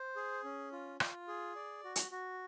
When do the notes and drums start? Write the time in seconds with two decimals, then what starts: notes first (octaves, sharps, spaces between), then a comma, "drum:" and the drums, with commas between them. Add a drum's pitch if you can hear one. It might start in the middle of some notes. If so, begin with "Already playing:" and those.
Already playing: C5
0.16 G#4
0.44 C#4
0.72 F4
1.00 F4, drum: rim click
1.28 G#4
1.56 D5
1.84 F#4
1.96 drum: hi-hat
2.11 F#4